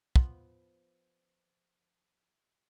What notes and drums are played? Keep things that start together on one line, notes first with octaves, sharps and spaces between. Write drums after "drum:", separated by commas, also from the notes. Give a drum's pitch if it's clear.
F3 B3, drum: kick